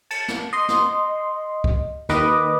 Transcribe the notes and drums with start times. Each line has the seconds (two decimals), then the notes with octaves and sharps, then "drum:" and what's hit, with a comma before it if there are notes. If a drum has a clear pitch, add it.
0.11 A5, drum: cymbal
0.28 drum: snare
0.53 D#5 C6
0.68 drum: snare
1.64 drum: kick
2.09 D#2 D#3 B4 D#5 D6, drum: snare